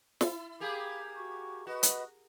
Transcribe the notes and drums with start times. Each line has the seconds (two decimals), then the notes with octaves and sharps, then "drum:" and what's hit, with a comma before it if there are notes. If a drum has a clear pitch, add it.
0.21 E4, drum: snare
0.60 A#3 G4 G#4 F5 B5 D6
1.16 F#4 C#6 D6
1.67 F#4 B4 D#5 D#6
1.83 drum: hi-hat